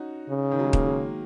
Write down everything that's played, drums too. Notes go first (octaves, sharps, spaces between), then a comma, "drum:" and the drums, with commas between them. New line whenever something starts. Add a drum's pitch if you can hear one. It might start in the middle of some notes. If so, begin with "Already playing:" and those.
Already playing: C#4 D#4 F#4
C#3
D#3
F#3
G#3
A#3, drum: kick
G#3